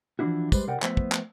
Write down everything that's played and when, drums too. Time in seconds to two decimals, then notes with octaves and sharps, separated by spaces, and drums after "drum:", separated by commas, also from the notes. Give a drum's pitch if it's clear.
0.19 E3 F3 G3 D4 E4 F#4
0.52 G3 G#3 B4 C5, drum: kick, tambourine
0.67 B1 C3 A#4 D5 F#5 G5
0.82 F3 A3 B3 C5 E5, drum: clap
0.97 drum: kick
1.12 drum: clap